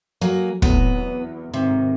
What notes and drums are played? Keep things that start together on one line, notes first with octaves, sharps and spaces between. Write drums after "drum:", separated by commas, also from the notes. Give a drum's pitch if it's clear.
F#3 A#3 G#4
A2 C3 F#3 B3, drum: kick
E2
G#2 C3 D#3